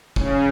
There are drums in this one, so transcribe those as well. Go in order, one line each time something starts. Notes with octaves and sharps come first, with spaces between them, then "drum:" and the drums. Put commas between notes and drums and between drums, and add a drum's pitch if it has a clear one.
C#3, drum: kick